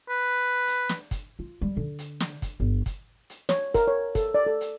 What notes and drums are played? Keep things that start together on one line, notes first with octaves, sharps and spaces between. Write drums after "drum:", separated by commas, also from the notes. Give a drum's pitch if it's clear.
B4
drum: hi-hat
drum: snare
drum: kick, hi-hat
F4
G3
D3
drum: hi-hat
drum: snare
drum: kick, hi-hat
G1
drum: kick, hi-hat
drum: hi-hat
C#5, drum: snare
A#4, drum: kick, hi-hat
C#5
A4, drum: kick, hi-hat
D5
A4
drum: hi-hat